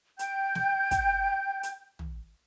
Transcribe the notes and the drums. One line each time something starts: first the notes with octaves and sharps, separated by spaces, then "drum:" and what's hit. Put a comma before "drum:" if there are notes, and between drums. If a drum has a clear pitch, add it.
G5 G6, drum: hi-hat
drum: snare
drum: kick, hi-hat
drum: hi-hat
drum: tom